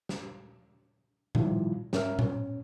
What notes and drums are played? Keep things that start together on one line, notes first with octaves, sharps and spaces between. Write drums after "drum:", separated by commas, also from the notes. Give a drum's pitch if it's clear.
drum: snare
D#3 F3 G3 E4 F4, drum: tom A2
G#2 C#4 A#4 E5 F6, drum: snare
C#4, drum: tom A2